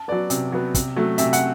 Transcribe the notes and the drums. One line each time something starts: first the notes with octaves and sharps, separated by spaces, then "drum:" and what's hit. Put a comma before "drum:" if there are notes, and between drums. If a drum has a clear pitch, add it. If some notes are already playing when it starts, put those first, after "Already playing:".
Already playing: A5
F#3 B3 D5
C3, drum: hi-hat
F#3 B3
C3, drum: kick, hi-hat
F#3 A3
C3 E5, drum: hi-hat
F#5, drum: hi-hat